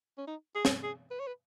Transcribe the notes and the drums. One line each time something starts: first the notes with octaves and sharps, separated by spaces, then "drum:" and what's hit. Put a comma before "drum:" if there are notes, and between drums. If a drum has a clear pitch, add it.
C#4
D#4
G#4
drum: snare
G#4
B4
C#5
B4